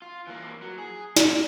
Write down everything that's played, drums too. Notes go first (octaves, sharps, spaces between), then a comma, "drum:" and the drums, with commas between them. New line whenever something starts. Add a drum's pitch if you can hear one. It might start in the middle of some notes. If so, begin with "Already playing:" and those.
F4
E3 A#3
F#3
G#4
A#2, drum: snare